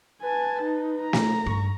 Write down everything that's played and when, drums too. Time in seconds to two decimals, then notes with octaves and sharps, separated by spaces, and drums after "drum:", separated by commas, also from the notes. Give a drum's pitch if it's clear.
0.23 B4 G#5 A5
0.62 D#4
1.02 A#5
1.13 drum: snare
1.46 G2 C#6